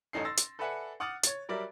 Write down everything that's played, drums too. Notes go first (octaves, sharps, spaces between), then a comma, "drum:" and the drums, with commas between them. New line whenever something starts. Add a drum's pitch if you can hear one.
A1 F#2 C#4 D#4 A4 C7
C6 E6 A6 A#6
drum: hi-hat
A4 B4 D5 E5 F#5 G#5
F#5 D6 D#6 F6 F#6 A6
C#5 A6, drum: hi-hat
F#3 G3 A#4 D5 E5